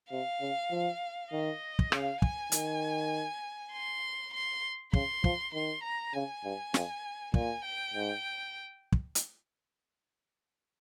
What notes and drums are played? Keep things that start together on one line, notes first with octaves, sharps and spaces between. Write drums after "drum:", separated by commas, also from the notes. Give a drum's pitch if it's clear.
C3 F5
C#3
F3
D#3 D#5
drum: kick
C#3 F5, drum: rim click
G#5, drum: kick
D#3, drum: hi-hat
C6
C6
C#3 C6, drum: kick
F3, drum: kick
D#3 C6
A#5
C#3 G#5
G2
F2, drum: snare
A#2 G#5, drum: kick
G5
G#2
drum: kick
drum: hi-hat